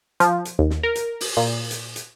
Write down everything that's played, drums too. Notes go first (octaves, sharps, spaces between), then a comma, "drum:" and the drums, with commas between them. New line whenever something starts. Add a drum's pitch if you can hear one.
F3, drum: hi-hat
drum: hi-hat
D#2
drum: snare
A#4
drum: hi-hat
drum: open hi-hat
A#2
drum: hi-hat
drum: hi-hat